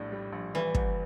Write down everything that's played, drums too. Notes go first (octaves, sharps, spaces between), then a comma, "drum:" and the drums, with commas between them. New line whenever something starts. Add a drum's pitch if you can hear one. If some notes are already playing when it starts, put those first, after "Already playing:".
Already playing: A#1 A2 G3 D4
G3
A#1
E3 G3
C2, drum: kick